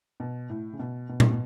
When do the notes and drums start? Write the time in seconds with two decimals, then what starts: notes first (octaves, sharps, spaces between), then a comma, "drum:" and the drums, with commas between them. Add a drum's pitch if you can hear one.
0.20 B2
0.49 A2
0.73 C#3
0.79 B2
1.09 B2
1.20 A2, drum: tom A#2
1.30 B2